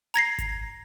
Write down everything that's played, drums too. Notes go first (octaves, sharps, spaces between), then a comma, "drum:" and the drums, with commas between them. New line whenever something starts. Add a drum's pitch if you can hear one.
A#5 G#6 A#6 C7, drum: hi-hat
drum: kick G#1, hi-hat